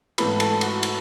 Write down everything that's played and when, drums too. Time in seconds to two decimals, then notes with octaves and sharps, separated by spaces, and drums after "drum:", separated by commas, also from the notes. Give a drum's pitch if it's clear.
0.18 G#2 E3 A3 C4 B4 B5, drum: cymbal
0.40 A4 A5, drum: cymbal
0.61 F#4 F#5, drum: cymbal
0.83 drum: cymbal